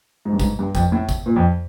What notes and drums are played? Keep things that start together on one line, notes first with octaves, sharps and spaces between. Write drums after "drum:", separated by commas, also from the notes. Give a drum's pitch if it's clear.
G#2
G2
G#2, drum: kick, tambourine
G2
F2, drum: kick, tambourine
A2
drum: kick, tambourine
A#2
F2